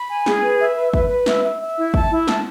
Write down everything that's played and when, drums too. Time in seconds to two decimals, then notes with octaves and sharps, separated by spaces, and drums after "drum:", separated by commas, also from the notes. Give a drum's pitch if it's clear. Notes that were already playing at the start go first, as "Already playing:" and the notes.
Already playing: B5
0.09 G#5
0.26 G#4, drum: snare
0.43 B4
0.60 E5
0.77 B4
0.94 B4, drum: kick
1.10 B4
1.26 E5, drum: snare
1.44 E5
1.60 E5
1.77 E4
1.94 A5, drum: kick
2.11 E4
2.28 A5, drum: snare